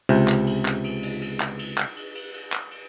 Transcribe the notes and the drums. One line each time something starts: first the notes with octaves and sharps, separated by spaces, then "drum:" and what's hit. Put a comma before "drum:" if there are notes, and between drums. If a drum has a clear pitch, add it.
C#2 C3, drum: cymbal
drum: clap
drum: cymbal
drum: clap
drum: cymbal
drum: cymbal
drum: cymbal
drum: clap
drum: cymbal
drum: clap
drum: cymbal
drum: cymbal
drum: cymbal
drum: clap
drum: cymbal